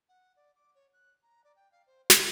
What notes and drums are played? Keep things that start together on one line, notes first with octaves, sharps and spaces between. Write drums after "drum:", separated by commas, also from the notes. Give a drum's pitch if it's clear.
F#5
D5
D6
C#5
F#6
A#5
D5
G5
F5
C5
A5, drum: snare